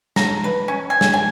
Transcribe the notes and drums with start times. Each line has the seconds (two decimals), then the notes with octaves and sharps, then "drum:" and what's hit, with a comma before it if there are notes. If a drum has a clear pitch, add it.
0.16 A#5, drum: snare
0.44 B4
0.68 C#4
0.90 G#5
1.01 drum: snare
1.13 G#5